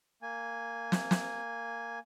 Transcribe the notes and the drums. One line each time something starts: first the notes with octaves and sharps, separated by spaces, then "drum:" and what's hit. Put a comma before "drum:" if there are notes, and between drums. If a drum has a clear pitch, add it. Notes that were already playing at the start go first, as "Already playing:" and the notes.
A#3 G#5
drum: snare
drum: snare